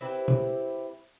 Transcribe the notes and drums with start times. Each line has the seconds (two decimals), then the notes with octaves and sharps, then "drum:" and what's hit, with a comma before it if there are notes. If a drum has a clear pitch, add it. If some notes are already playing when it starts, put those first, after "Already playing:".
0.01 C4 E4 G4 B4
0.28 drum: tom